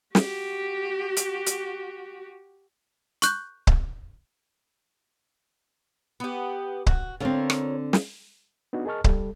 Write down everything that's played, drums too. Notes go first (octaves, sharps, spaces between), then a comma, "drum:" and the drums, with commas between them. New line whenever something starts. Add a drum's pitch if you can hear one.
F#4 G4, drum: snare
drum: hi-hat
drum: hi-hat
C#6 F#6 G6, drum: hi-hat
drum: kick C#1
B3 G4
F#4, drum: kick C#1
D3 C4 F4 A#4 C#5
drum: rim click
drum: snare
B3 D4 D#4 F#4
G#4 A#4 D#5 A5 C#6 F6
G3 A4, drum: kick C#1